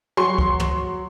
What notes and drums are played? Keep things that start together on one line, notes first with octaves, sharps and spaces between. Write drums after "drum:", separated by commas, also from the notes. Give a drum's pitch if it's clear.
F#3 C6 C#6
drum: kick C#2
drum: tom